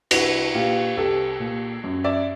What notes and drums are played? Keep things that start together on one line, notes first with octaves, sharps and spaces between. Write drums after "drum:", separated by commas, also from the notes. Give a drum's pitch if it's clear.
C2 E4 F#4, drum: cymbal
A#2 F4 G4
C2 G4 A4
A#2
F#2
D5 E5